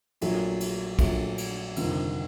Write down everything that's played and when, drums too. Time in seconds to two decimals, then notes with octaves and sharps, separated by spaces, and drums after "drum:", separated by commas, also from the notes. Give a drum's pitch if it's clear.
0.21 A#1 A#2 F#3 A3, drum: cymbal
0.61 drum: cymbal
0.99 A#1 A#2 F#3 A3, drum: kick, cymbal
1.38 drum: cymbal
1.76 G1 F2 C3 D#3, drum: cymbal